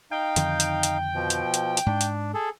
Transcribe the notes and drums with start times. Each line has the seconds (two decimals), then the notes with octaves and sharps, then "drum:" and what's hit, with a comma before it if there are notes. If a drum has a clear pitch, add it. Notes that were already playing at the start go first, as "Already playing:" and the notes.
0.11 D#4 F5 G5
0.36 F2 D3 D#3, drum: hi-hat
0.60 drum: hi-hat
0.83 drum: hi-hat
1.15 B2 F3
1.30 drum: hi-hat
1.54 drum: hi-hat
1.77 drum: hi-hat
1.86 G#2 D4
2.01 drum: hi-hat
2.34 G#4 A4